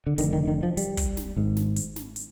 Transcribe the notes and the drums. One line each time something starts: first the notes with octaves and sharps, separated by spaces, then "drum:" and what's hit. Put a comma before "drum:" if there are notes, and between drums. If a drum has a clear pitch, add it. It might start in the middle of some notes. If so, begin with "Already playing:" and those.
D3
F1 D#2 D3 D#3, drum: hi-hat
D#3
D#3
F3
G3, drum: hi-hat
drum: kick, hi-hat
drum: snare
G#1 G#2
drum: snare
drum: hi-hat
drum: snare
drum: hi-hat